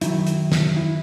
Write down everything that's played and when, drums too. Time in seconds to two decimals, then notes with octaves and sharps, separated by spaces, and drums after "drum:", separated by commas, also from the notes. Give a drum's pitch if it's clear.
0.01 F#2 D#3 F#3 E4, drum: hi-hat
0.27 drum: hi-hat
0.52 drum: snare
0.77 E4